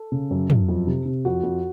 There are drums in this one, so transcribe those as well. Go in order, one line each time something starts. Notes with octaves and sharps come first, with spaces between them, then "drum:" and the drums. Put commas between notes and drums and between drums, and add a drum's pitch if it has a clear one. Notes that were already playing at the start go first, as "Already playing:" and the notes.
Already playing: A4
C#3
F#2
F#2, drum: tom
F2
C3
C3
F2 F#4
F2